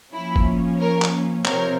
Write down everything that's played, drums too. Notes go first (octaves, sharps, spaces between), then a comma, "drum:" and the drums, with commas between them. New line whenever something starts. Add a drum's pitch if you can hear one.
F3 A#3 C#4 E4
drum: kick G1
A#4 C#5
drum: clap
C3 F3 C4 A#4 C#5, drum: clap